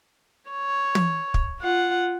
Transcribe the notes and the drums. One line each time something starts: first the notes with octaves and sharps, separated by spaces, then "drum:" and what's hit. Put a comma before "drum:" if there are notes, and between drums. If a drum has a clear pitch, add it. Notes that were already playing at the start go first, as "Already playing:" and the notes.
C#5
drum: tom
drum: kick
F4 F#5